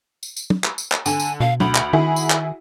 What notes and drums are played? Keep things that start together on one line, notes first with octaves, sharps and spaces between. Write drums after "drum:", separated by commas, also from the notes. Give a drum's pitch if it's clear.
drum: tambourine
drum: tambourine
drum: tom
drum: clap
drum: tambourine
drum: clap
D3 G#5, drum: tambourine
drum: tambourine
B2 F5
D2 B5, drum: tom
drum: clap
D#3 E4 F#4 G#4
drum: tambourine
drum: clap